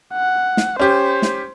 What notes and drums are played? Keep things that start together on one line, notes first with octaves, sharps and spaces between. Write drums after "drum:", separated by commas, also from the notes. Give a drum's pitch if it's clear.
F#5
drum: snare
C#4 G4 C5
drum: snare